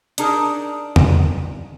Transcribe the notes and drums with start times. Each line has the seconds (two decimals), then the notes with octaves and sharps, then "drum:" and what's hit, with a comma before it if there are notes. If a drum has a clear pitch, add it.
0.18 D4 D#4 G#4 A#4 A5, drum: hi-hat
0.96 drum: tom